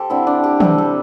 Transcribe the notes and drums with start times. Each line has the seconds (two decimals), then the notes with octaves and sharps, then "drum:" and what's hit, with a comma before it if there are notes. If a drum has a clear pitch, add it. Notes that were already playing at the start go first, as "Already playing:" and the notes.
Already playing: G4 A4 C5
0.10 D3 C4 E4
0.27 D4
0.44 G4
0.60 C3 G3 C4 A4, drum: tom
0.78 A4